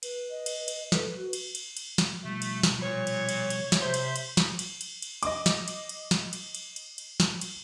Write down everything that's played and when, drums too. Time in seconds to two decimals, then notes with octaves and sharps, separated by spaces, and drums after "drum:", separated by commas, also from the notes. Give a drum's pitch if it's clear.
0.03 B4, drum: cymbal
0.30 D#5
0.46 drum: cymbal
0.68 drum: cymbal
0.92 A4 B4, drum: snare
1.16 F#4
1.33 drum: cymbal
1.55 drum: cymbal
1.77 drum: cymbal
1.98 drum: snare
2.24 B2 F3 G3 A3
2.42 drum: cymbal
2.63 drum: snare
2.82 A#2 C#5
3.07 drum: cymbal
3.29 drum: cymbal
3.50 drum: cymbal
3.72 drum: snare
3.81 C3 C5 E5 C6
3.94 drum: cymbal
4.16 drum: cymbal
4.37 drum: snare
4.59 drum: cymbal
4.81 drum: cymbal
5.02 drum: cymbal
5.23 D#5 D6, drum: cymbal
5.46 drum: snare
5.68 drum: cymbal
5.89 drum: cymbal
6.11 drum: snare
6.33 drum: cymbal
6.55 drum: cymbal
6.76 drum: cymbal
6.98 drum: cymbal
7.20 drum: snare
7.41 drum: cymbal